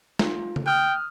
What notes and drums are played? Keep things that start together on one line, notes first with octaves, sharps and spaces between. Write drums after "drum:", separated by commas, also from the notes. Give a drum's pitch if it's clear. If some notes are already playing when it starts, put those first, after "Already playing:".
F4, drum: snare
drum: tom C#3
G5 D#6 F6 F#6